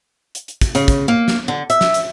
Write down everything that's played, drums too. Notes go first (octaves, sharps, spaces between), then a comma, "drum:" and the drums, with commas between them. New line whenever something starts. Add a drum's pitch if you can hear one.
drum: hi-hat
drum: hi-hat
drum: kick, hi-hat
C#3, drum: hi-hat
drum: kick, hi-hat
A#3
drum: snare
D3
E5, drum: hi-hat
drum: snare
drum: hi-hat